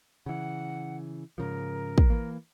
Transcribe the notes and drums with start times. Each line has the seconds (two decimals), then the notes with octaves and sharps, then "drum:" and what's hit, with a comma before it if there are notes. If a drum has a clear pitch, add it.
0.26 C#3 E3 F#5
1.38 G#2 C#3 F3 A#4
1.98 drum: kick
2.10 E3 A#3